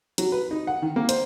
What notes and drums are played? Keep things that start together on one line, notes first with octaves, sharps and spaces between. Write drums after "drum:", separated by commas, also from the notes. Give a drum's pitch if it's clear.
F#3, drum: hi-hat
B4
D#4
F#5
D#3
A#3
C5, drum: hi-hat